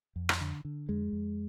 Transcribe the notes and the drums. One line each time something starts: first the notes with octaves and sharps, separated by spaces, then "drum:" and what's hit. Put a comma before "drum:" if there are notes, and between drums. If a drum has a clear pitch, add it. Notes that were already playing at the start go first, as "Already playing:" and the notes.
F2
drum: rim click
D3
D3
F2 G#3
F2